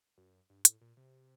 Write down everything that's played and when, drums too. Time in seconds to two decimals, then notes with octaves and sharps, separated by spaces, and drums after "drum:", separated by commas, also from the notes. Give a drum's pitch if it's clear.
0.18 F#2
0.50 G2
0.65 A2, drum: hi-hat
0.81 A#2
0.97 C3